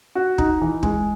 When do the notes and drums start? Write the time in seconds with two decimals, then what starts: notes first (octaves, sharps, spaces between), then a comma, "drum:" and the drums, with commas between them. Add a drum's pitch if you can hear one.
0.15 F#4
0.38 D#4, drum: kick
0.61 E3
0.83 G#3, drum: kick